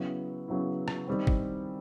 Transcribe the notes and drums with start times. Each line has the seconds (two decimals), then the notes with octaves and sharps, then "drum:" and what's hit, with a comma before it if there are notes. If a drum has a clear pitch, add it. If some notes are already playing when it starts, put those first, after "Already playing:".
Already playing: C#3 F#3 B3 E4
0.48 C#3 F#3 B3 E4
0.88 drum: rim click
1.07 D#3 G3 C4
1.27 drum: kick G1